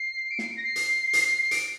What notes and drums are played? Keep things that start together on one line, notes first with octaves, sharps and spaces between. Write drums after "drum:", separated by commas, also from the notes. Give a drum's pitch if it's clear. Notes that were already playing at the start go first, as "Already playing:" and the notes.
Already playing: C7
D7
C7, drum: snare
D7
A#6
C7
drum: hi-hat
drum: hi-hat
D7, drum: hi-hat